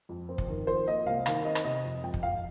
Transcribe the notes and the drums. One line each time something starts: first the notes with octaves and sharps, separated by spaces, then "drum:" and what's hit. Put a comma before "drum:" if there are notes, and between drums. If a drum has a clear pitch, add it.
F2
C4
drum: kick
D#3
F3 C5
A#3 D#5
C2 F5
D#3 F5, drum: rim click
C4 D#5
drum: rim click
C3 D#5
F2
F2 G5
drum: kick
F2 F5